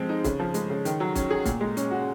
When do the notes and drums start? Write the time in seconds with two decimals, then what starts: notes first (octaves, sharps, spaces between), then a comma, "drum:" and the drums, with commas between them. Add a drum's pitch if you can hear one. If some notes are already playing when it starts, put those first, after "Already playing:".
Already playing: F3 G#3 C4
0.09 D#4
0.24 C#3, drum: kick, hi-hat
0.40 F3
0.54 G#3, drum: hi-hat
0.70 C#3
0.85 D#3, drum: hi-hat
1.00 F#3
1.15 C#4, drum: kick, hi-hat
1.30 G#4
1.45 A#2, drum: kick, hi-hat
1.61 G#3
1.77 C#4, drum: hi-hat
1.91 F#4